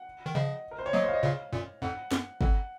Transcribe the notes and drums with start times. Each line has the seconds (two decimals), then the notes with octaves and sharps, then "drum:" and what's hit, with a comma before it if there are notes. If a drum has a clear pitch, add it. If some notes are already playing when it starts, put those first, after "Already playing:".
Already playing: F#5
0.26 D#3
0.35 C#3 F3 D#5
0.71 A#4
0.78 C5
0.86 C#5
0.93 F#3 A#3 D#5
1.03 C5 F5
1.13 D#5
1.23 A#2 C#3 F5
1.53 F#2 A#2
1.82 F2 G#2 F#5
2.11 F#2, drum: snare
2.41 F2 F#5, drum: kick